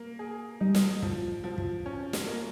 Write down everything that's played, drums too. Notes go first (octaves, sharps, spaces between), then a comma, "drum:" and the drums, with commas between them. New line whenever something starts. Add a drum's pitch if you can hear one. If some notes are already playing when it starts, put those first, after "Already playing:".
Already playing: A#3
G#4
G3 D#4
drum: snare
F3, drum: kick
F3
drum: kick
C#4
drum: snare
A#3